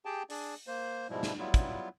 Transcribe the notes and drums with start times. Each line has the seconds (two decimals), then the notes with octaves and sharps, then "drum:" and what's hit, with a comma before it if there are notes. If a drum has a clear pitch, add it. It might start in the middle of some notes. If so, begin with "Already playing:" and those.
0.05 G4 G#4 G5 A5
0.30 D4 G#4 D5, drum: open hi-hat
0.67 A#3 C5
1.10 G#2 B2 F3 G3 G#3 E4
1.23 drum: snare
1.39 F#3 G3 B3 E4 F4
1.54 drum: kick, hi-hat